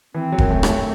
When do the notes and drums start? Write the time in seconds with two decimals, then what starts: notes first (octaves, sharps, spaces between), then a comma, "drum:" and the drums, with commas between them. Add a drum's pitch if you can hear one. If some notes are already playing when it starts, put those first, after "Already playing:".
0.14 E3 C4
0.32 F#3
0.38 F#2, drum: kick E1
0.50 A3
0.63 C4, drum: rim click
0.69 A3